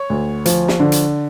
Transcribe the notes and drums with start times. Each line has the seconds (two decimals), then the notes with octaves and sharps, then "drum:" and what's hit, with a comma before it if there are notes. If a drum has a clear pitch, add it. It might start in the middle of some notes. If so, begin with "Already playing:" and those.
Already playing: C#5
0.10 D2
0.45 F3, drum: hi-hat
0.68 drum: snare
0.80 D3
0.92 drum: hi-hat